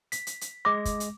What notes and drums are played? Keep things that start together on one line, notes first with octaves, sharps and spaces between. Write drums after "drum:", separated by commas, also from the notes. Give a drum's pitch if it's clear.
B6, drum: hi-hat
drum: hi-hat
drum: hi-hat
G#3 D6 A#6
drum: kick, hi-hat
drum: hi-hat